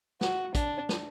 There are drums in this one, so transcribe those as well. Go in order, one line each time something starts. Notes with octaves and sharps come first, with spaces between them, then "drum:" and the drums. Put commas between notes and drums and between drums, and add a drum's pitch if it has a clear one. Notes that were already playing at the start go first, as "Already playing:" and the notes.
F#4, drum: snare
D4, drum: kick, hi-hat
drum: snare